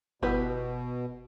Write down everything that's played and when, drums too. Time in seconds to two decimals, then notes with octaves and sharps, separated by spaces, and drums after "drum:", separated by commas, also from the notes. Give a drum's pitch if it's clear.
0.22 B2 G3 B3 E4 G4 B4, drum: kick G1